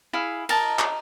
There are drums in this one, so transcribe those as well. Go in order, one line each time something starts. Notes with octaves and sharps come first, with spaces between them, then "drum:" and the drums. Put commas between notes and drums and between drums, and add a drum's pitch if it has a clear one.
E4 G#4 F5
A#4 D#5 A5, drum: cymbal
drum: clap